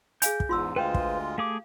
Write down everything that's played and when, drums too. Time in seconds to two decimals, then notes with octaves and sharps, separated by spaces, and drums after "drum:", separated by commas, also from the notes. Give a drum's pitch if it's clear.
0.22 G#4 F5 G#5 G6, drum: hi-hat
0.40 drum: kick
0.49 E2 G#2 F4 C6 E6
0.76 D2 G#3 F4 B4 C5 F5 G5
0.94 drum: kick
1.38 A3 G4 G#4 F5 D6